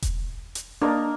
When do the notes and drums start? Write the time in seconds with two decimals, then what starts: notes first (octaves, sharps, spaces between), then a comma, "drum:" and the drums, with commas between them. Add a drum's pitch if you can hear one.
0.02 drum: kick E1, hi-hat
0.55 drum: hi-hat
0.82 A#3 D4 D#5 A#5